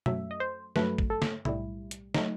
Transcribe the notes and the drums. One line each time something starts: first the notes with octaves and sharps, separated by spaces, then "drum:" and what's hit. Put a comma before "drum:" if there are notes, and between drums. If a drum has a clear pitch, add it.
F#2 F#3 A3 E5, drum: tom B2
D#5
C5
G2 F#3 A3 B4, drum: snare
drum: kick
A4
drum: snare
B1 A2 G3 E4, drum: tom C3
drum: hi-hat
F#3 A3 D#4, drum: snare